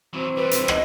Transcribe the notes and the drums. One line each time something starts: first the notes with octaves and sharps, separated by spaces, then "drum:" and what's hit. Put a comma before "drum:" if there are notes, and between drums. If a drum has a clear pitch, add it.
E3 F#3 C4
E3 G3 B4
drum: hi-hat
D#5, drum: rim click